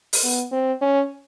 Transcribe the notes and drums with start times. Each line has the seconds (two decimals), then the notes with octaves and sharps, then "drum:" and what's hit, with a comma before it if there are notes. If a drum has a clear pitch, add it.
0.13 drum: open hi-hat
0.23 B3
0.52 C4
0.81 C#4